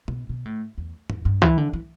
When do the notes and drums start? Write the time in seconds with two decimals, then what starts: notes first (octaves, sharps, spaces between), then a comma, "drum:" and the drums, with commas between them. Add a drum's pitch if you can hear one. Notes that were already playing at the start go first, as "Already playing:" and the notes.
0.08 B2, drum: tom B2
0.29 B2
0.45 A2
0.78 E2
1.10 E2, drum: tom G#2
1.25 G2
1.42 E3, drum: kick C2
1.58 D3
1.73 E3